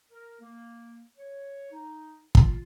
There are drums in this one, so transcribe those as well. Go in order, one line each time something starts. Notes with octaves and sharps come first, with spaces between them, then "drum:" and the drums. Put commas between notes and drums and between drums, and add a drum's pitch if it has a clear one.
A#4
A#3
C#5
D#4
F4, drum: kick